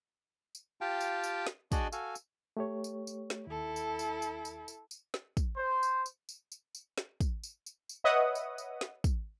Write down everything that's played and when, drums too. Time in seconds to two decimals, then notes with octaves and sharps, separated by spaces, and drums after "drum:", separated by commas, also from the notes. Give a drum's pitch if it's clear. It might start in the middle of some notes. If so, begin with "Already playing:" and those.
0.55 drum: tambourine
0.81 F4 G4 F5 G5 A5
1.01 drum: tambourine
1.24 drum: tambourine
1.47 drum: snare
1.72 D4 F#4 G#4 D5 D#5, drum: kick, tambourine
1.92 F#4 A4 F5 G#5, drum: tambourine
2.15 drum: tambourine
2.57 A3 G4 C#5
2.84 drum: tambourine
3.07 drum: tambourine
3.30 drum: snare
3.47 D#2 E4 A4
3.76 drum: tambourine
3.99 drum: tambourine
4.22 drum: tambourine
4.45 drum: tambourine
4.68 drum: tambourine
4.91 drum: tambourine
5.14 drum: snare
5.37 drum: kick, tambourine
5.56 C5
5.83 drum: tambourine
6.06 drum: tambourine
6.29 drum: tambourine
6.52 drum: tambourine
6.75 drum: tambourine
6.98 drum: snare
7.21 drum: kick, tambourine
7.43 drum: tambourine
7.66 drum: tambourine
7.89 drum: tambourine
8.04 B4 C#5 D#5 E5 F#5 D#6
8.35 drum: tambourine
8.58 drum: tambourine
8.81 drum: snare
9.04 drum: kick, tambourine